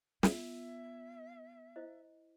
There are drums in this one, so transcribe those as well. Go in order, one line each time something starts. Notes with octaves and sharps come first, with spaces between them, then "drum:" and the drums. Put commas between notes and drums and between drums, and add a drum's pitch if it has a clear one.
B3 F4 E5, drum: snare
E4 C5 D#5